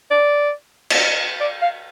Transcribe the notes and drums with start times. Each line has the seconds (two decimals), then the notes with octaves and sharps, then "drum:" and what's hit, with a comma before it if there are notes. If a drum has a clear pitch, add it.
0.11 D5
0.90 drum: cymbal
1.41 D5
1.62 F5